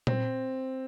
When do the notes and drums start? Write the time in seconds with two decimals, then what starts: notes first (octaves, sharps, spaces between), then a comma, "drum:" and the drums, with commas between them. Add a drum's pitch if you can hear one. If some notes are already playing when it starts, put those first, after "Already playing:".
0.07 C4, drum: tom A#2